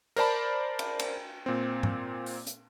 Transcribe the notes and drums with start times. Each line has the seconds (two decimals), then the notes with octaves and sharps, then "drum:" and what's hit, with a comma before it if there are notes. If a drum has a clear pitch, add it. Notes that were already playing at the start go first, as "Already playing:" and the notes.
0.16 A#4 C5 D5 A5 B5, drum: cymbal
0.79 drum: cymbal
0.99 drum: cymbal
1.46 A#2 C4
1.83 drum: tom G#2
2.26 drum: open hi-hat
2.47 drum: hi-hat